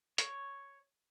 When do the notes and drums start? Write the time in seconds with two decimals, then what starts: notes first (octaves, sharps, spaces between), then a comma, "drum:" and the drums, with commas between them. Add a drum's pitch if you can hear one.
0.18 C#5, drum: hi-hat